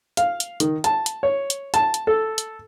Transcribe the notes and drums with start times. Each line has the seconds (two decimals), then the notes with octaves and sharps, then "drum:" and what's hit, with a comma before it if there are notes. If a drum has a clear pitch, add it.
0.17 F5, drum: hi-hat
0.40 drum: hi-hat
0.60 D#3, drum: hi-hat
0.84 A5, drum: hi-hat
1.06 drum: hi-hat
1.23 C#5
1.50 drum: hi-hat
1.74 A5, drum: hi-hat
1.94 drum: hi-hat
2.07 A4
2.38 drum: hi-hat